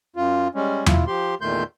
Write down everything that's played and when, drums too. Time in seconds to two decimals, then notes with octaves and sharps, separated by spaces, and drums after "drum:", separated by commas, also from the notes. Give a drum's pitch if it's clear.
0.16 F#2 F4
0.55 G3 G#3 C#4
0.86 E4 F4, drum: tom E2
1.07 F3 G4 C6
1.41 E2 A#2 D#3 A3 C6 G6